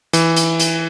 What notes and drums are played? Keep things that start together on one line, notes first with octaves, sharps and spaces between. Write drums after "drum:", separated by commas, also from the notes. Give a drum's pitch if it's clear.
E3, drum: hi-hat
drum: hi-hat
drum: hi-hat